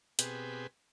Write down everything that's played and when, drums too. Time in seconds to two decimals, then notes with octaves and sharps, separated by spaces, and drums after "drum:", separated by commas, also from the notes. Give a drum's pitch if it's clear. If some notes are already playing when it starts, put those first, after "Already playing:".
0.19 B2 C4 G4 G#4 B4, drum: hi-hat